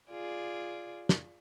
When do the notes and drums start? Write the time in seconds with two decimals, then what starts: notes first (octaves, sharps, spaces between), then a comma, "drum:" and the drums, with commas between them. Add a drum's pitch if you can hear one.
0.10 F4 G#4 D5
1.09 drum: snare